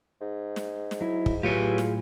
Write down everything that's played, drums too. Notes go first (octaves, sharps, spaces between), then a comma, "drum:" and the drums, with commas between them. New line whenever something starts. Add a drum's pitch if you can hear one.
G#2
drum: snare
drum: snare
F#3 E4
drum: kick
A2 F#3 F4 G4 G#4 B4 C#5
drum: snare